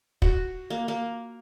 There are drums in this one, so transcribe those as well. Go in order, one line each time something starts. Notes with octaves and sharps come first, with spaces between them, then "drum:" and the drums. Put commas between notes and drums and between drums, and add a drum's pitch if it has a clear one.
F#4, drum: kick
A#3
A#3